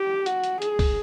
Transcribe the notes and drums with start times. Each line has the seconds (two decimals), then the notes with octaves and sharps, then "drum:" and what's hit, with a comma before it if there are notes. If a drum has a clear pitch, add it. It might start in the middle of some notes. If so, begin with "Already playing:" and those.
Already playing: G4
0.26 F#4, drum: hi-hat
0.44 drum: hi-hat
0.62 G#4, drum: hi-hat
0.79 drum: kick, open hi-hat